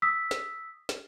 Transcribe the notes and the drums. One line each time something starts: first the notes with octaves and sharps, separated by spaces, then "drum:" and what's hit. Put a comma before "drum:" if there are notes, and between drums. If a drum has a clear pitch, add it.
D#6 E6 B6
drum: snare
drum: snare